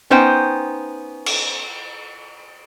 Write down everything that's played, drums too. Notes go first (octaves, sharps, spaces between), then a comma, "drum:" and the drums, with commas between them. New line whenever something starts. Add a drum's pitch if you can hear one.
B3 C#4 D#4 C5 G5
drum: cymbal